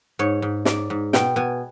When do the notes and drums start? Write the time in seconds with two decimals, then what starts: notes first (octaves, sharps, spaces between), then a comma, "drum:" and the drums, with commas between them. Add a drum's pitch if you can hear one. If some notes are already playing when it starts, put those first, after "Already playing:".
0.19 G#2 C#5
0.42 G#2
0.65 G#2 D5, drum: snare
0.90 G#2
1.13 B2 G5, drum: snare
1.36 B2 G#5